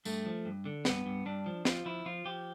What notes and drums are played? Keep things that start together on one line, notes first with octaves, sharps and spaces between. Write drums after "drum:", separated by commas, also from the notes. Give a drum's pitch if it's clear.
G2 A3, drum: tambourine
F3
G2
D3
G2 B3, drum: snare
G2
G2 D4
F3
F3 F4, drum: snare
F3 E4
F3 F4
F3 G4